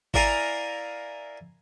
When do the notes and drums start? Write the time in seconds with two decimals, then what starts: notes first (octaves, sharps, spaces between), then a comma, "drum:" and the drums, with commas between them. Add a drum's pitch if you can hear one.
0.14 E4 A#4 D5 F5 G#5 A#5, drum: kick G#1